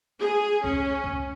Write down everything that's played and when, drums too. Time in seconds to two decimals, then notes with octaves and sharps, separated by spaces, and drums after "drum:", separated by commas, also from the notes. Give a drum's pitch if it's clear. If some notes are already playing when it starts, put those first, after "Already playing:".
0.20 G#4
0.64 C#4, drum: kick
1.04 drum: kick